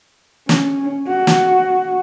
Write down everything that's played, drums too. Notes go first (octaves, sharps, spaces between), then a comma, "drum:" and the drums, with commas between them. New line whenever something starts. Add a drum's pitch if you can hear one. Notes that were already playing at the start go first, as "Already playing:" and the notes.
C#4, drum: snare
F#4
drum: snare